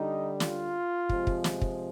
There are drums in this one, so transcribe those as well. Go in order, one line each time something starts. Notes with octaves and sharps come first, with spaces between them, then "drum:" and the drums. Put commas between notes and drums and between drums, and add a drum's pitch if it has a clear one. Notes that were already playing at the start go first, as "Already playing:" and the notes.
Already playing: D3 G3 D#4
F4, drum: snare
C3 F3 G#3, drum: kick
drum: kick
drum: snare
drum: kick